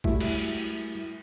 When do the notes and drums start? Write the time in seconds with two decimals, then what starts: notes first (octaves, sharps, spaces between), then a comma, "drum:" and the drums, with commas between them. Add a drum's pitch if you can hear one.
0.04 G3 A3 E4 F#4 E5, drum: kick
0.20 drum: cymbal